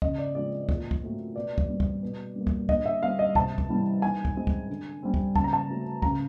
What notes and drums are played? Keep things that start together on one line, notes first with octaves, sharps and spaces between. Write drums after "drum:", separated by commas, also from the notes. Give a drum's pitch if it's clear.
C#3 D#5, drum: kick
D5
F3 G#3 C4 D5
A#2, drum: kick
drum: kick
F#3 A3 C4
B2 D5
drum: kick
G3 C4
drum: kick
B2
G3 A#3
drum: kick
D3 D#5, drum: kick
E5
G3 C4 F5
D#5
C3 A5, drum: kick
drum: kick
E3 G3
D#3 G#5
drum: kick
G#3 C4
drum: kick
D3
G3 C4
drum: kick
C#3 A5, drum: kick
A#5
A5
F#3 A3 C4
C#3 A#5, drum: kick